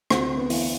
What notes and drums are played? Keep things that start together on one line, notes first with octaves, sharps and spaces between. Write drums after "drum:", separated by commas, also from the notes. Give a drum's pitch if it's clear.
D2 C4, drum: rim click
B3
E3, drum: open hi-hat